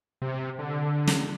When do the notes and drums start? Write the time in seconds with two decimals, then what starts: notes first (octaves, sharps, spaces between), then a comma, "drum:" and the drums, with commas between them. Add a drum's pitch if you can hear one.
0.22 C3
0.59 D3
1.07 drum: snare